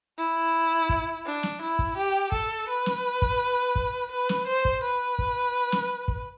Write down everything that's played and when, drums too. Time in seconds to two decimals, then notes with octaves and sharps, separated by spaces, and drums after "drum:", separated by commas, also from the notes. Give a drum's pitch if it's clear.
0.18 E4
0.89 drum: kick
1.25 D4
1.43 drum: snare
1.61 E4
1.79 drum: kick
1.97 G4
2.32 A4, drum: kick
2.69 B4
2.86 drum: snare
3.22 drum: kick
3.76 drum: kick
4.11 B4
4.29 drum: snare
4.46 C5
4.65 drum: kick
4.83 B4
5.19 drum: kick
5.72 drum: snare
6.08 drum: kick